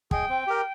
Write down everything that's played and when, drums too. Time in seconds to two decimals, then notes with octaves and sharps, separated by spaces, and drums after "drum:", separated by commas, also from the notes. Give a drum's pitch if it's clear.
0.11 G#4 D#5 G5, drum: kick
0.30 C4
0.47 G4 A#4